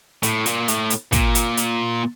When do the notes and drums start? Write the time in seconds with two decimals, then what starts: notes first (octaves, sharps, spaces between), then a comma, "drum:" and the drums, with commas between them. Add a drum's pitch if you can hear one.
0.23 A2, drum: hi-hat
0.46 A#2, drum: hi-hat
0.68 A2, drum: hi-hat
0.90 drum: hi-hat
1.12 A#2, drum: kick, hi-hat
1.35 drum: hi-hat
1.57 drum: hi-hat